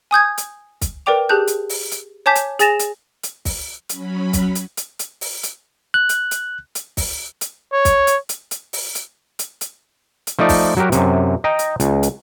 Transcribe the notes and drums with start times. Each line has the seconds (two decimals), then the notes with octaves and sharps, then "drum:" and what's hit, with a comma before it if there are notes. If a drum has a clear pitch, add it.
0.11 G#5 D#6 G6 G#6
0.38 drum: hi-hat
0.81 drum: kick, hi-hat
1.06 A#4 B4 D5 G5 D6 F7
1.29 G4 G#4 A5 F#6 G6
1.47 drum: hi-hat
1.69 drum: open hi-hat
1.91 drum: hi-hat
2.26 C#5 G#5 A5 D6 G6 B6
2.35 drum: hi-hat
2.59 G#4 G#5 A6 A#6 E7 F7, drum: hi-hat
2.79 drum: hi-hat
3.23 drum: hi-hat
3.45 drum: kick, open hi-hat
3.89 F#3 C#4 B5, drum: hi-hat
4.33 drum: kick, hi-hat
4.55 drum: hi-hat
4.77 drum: hi-hat
4.99 drum: hi-hat
5.21 drum: open hi-hat
5.43 drum: hi-hat
5.94 F#6
6.09 drum: hi-hat
6.31 drum: hi-hat
6.75 drum: hi-hat
6.97 drum: kick, open hi-hat
7.41 drum: hi-hat
7.73 C#5
7.85 drum: kick, hi-hat
8.07 drum: hi-hat
8.29 drum: hi-hat
8.51 drum: hi-hat
8.73 drum: open hi-hat
8.95 drum: hi-hat
9.39 drum: hi-hat
9.61 drum: hi-hat
10.27 drum: hi-hat
10.39 F3 A3 D#4 D5
10.49 drum: kick, open hi-hat
10.77 F#3 F#4 G4 A#4
10.92 F#2 C3, drum: hi-hat
11.44 D#5 G5 A#5
11.59 drum: hi-hat
11.80 C#2, drum: hi-hat
12.03 drum: hi-hat